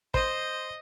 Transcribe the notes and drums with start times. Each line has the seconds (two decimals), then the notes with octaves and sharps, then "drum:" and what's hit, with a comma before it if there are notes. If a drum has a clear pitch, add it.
0.14 C5 D#5, drum: kick